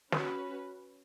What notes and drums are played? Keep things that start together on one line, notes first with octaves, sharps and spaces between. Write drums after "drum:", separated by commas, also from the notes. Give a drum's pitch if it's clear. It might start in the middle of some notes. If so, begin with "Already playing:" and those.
C#4 F#4 B4, drum: snare